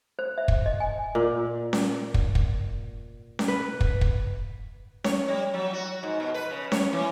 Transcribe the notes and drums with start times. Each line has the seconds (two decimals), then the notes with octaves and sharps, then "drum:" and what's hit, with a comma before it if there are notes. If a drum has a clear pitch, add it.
0.19 C5
0.38 E5
0.48 drum: kick
0.66 D#5
0.80 G#5
1.15 A#2
1.73 drum: snare C#4
2.14 drum: kick
2.35 drum: kick
3.39 drum: snare C#4
3.48 B4
3.81 drum: kick
4.01 drum: kick
5.04 C#5, drum: snare C#4
5.28 G3
5.54 F#3
5.73 F#4
6.03 G#2
6.20 B2
6.34 B4
6.51 C#3
6.72 C#5, drum: snare C#4
6.93 E3